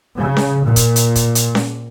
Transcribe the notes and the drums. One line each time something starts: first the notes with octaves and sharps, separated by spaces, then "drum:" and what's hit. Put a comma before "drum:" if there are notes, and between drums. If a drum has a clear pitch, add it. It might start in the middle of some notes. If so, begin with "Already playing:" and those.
C#3
drum: snare C#4
A#2
drum: kick, hi-hat
drum: hi-hat
drum: kick, hi-hat
drum: hi-hat
drum: snare C#4